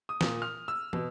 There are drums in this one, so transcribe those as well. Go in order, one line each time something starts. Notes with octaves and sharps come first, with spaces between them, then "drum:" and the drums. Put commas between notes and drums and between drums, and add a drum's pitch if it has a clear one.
D#6
A#2, drum: snare
F6
E6
B2, drum: tom